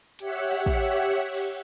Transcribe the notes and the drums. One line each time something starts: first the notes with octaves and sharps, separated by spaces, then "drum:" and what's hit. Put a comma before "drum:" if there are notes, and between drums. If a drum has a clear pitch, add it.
G4 C#5 E5 F#5, drum: hi-hat
drum: kick
drum: cymbal